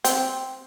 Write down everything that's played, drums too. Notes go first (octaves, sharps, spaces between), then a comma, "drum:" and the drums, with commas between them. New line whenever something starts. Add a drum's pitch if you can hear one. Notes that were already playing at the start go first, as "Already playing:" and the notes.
C4, drum: hi-hat